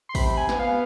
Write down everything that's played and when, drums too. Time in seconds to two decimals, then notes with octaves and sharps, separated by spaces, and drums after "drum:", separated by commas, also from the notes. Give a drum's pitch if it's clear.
0.09 C6
0.15 C3 B5, drum: kick, open hi-hat
0.37 G#5
0.49 B3, drum: snare
0.59 F5